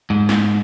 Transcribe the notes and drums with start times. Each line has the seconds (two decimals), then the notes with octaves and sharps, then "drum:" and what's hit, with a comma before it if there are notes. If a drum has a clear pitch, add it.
0.10 G#2
0.29 drum: snare